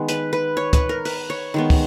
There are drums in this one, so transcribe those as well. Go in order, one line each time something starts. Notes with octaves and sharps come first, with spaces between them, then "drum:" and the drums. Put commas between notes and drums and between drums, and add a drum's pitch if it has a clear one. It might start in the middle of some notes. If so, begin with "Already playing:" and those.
Already playing: D#3 G#3 B3
B4, drum: hi-hat
B4
C#5
B4, drum: kick, hi-hat
A#4
B4, drum: open hi-hat
C#5
D#3 G#3 B3
drum: kick, open hi-hat